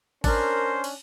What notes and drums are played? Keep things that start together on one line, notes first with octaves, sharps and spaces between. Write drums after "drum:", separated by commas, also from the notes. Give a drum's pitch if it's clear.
C#4 D4 A#4 C5, drum: kick, cymbal
drum: cymbal